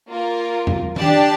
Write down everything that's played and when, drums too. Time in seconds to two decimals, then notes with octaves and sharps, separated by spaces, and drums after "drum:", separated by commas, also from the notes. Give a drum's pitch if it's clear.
0.08 A#3 F4 A#4
0.67 drum: tom E2
0.96 D4 G4 D5 A5, drum: tom D#3